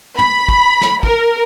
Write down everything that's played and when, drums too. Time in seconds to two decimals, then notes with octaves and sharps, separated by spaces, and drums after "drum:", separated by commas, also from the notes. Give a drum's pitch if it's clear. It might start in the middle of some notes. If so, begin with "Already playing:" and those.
0.19 B5, drum: tom
0.49 drum: kick
0.81 drum: snare
1.03 A#4, drum: kick